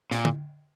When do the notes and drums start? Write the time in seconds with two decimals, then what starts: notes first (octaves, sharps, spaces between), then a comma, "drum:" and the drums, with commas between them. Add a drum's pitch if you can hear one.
0.11 A#2, drum: snare
0.25 drum: tom